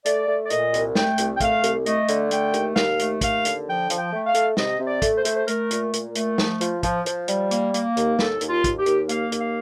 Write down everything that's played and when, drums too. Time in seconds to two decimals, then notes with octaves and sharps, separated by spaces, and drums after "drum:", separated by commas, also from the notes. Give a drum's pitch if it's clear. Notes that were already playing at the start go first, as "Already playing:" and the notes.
0.05 A3 D5, drum: hi-hat
0.28 A3
0.45 D5
0.50 A#2 D#5, drum: hi-hat
0.74 C2, drum: hi-hat
0.95 A3 G5, drum: snare
1.18 C2, drum: hi-hat
1.37 G5
1.40 A3 F5, drum: kick, hi-hat
1.63 C2, drum: hi-hat
1.86 A3 D#5, drum: hi-hat
2.08 D3, drum: hi-hat
2.31 A3 G5, drum: hi-hat
2.53 D#2, drum: hi-hat
2.76 D#2 F5, drum: snare
2.99 A3, drum: hi-hat
3.21 D#2 F5, drum: kick, hi-hat
3.45 D3, drum: hi-hat
3.67 F3 G5
3.90 F3, drum: hi-hat
3.97 G5
4.12 A3
4.27 F5
4.34 A3, drum: hi-hat
4.57 C3 D#5, drum: snare
4.79 C3
4.87 D5
5.02 A3, drum: kick, hi-hat
5.18 C5
5.25 A3, drum: hi-hat
5.37 C5
5.48 A3 A#4, drum: hi-hat
5.71 A#2, drum: hi-hat
5.93 A#2, drum: hi-hat
6.15 A3, drum: hi-hat
6.38 F3, drum: snare
6.61 F3, drum: hi-hat
6.83 F3, drum: kick, hi-hat
7.06 F3, drum: hi-hat
7.28 G3, drum: hi-hat
7.51 A#3, drum: hi-hat
7.74 A#3, drum: hi-hat
7.97 D#2, drum: hi-hat
8.19 D#2 A4, drum: snare
8.41 D#2, drum: hi-hat
8.49 F4
8.64 D#2, drum: kick, hi-hat
8.79 G4
8.86 D#2, drum: hi-hat
9.09 A#3 F5, drum: hi-hat
9.32 D#2, drum: hi-hat
9.39 F5